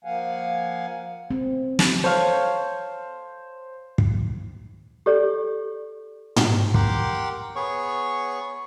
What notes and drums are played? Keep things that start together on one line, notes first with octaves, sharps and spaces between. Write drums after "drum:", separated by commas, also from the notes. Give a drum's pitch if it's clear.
F3 A#3 F5 F#5 G#5
C4
drum: snare
A4 C5 C#5 F5
drum: kick
G4 A4 D5
drum: tom
G4 A#4 F#5 G5 C6 D6, drum: kick
B3 G#4 C#5 C#6